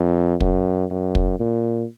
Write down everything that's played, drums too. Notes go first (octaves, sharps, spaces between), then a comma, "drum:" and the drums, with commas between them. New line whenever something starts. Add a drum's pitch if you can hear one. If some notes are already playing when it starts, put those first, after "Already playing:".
Already playing: F2
F#2, drum: kick
F#2
drum: kick
A#2